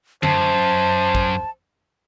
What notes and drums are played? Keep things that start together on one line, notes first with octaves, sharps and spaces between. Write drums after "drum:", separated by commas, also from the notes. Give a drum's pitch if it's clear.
F#2 C5 A5, drum: tom D3
drum: kick